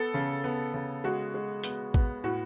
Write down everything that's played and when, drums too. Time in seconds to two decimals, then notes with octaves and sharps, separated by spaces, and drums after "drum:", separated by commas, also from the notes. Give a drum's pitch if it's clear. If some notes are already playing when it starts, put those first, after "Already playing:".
Already playing: B3 A4
0.14 C#3
0.44 B3
0.74 C#3
1.04 G#3 F#4
1.34 G#3
1.64 B3, drum: hi-hat
1.94 B3, drum: kick
2.24 A2 F#4